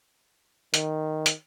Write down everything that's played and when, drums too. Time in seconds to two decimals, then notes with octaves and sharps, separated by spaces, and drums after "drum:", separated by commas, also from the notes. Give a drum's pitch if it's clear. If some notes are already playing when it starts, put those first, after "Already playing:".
0.74 D#3, drum: hi-hat
1.26 drum: hi-hat